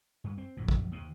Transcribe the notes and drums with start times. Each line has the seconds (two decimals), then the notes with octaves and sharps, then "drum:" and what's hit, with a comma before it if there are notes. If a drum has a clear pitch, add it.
0.24 G2
0.38 C4
0.57 A#1 F#2 A2
0.68 drum: kick
0.92 D#2 C3